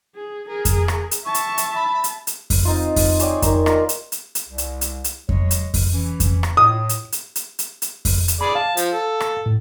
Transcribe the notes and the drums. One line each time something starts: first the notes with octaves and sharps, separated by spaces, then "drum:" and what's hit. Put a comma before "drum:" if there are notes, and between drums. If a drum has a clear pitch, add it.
G#4
G#4 A#4
drum: kick F2, hi-hat
drum: rim click
drum: hi-hat
E5 A5 C#6
drum: hi-hat
drum: hi-hat
B5
drum: hi-hat
drum: hi-hat
drum: kick F2, open hi-hat
C4 D#4 F4
drum: kick F2, open hi-hat
G#4 C#5 D5 G5, drum: hi-hat
D#3 A#4, drum: kick F2, hi-hat
F4 D5 A#5, drum: rim click
drum: hi-hat
drum: hi-hat
drum: hi-hat
C2
drum: hi-hat
drum: hi-hat
drum: hi-hat
F#3 G#3 C#5, drum: kick F2
drum: hi-hat
drum: kick F2, open hi-hat
E3 C#4
drum: kick F2, hi-hat
drum: rim click
A2 D#6
drum: hi-hat
drum: hi-hat
drum: hi-hat
drum: hi-hat
drum: hi-hat
drum: kick F2, open hi-hat
drum: hi-hat
G#4 D5 B5
F5 A5
F3, drum: hi-hat
A4
drum: rim click
A2